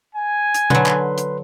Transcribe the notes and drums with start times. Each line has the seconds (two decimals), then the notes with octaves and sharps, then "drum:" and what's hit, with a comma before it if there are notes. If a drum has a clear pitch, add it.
0.15 G#5
0.54 drum: hi-hat
0.70 D3 F#3 B4 C6, drum: tom B2
0.86 drum: clap
1.18 drum: hi-hat